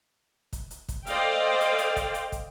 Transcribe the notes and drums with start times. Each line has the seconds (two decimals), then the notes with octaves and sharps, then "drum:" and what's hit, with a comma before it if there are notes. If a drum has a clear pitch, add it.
0.53 drum: kick, hi-hat
0.71 drum: hi-hat
0.88 drum: kick, hi-hat
1.06 A4 C5 D5 D#5 F5 G5, drum: hi-hat
1.60 drum: hi-hat
1.78 drum: hi-hat
1.96 drum: kick, hi-hat
2.14 drum: hi-hat
2.32 drum: kick, hi-hat